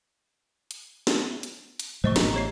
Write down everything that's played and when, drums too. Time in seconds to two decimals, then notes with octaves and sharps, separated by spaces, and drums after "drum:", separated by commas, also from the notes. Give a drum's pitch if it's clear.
0.71 drum: hi-hat
1.07 drum: snare
1.43 drum: hi-hat
1.80 drum: hi-hat
2.04 A2 F#3 G#3 C5 D#5 C#6
2.16 A1 A#5, drum: snare
2.34 G4 C#5 C7